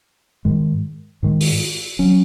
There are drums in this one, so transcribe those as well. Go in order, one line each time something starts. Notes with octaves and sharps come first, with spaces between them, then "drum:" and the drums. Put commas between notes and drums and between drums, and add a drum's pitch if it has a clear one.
G#2 D#3 G#3
G#2 D#3 G#3
drum: open hi-hat
F#3 C#4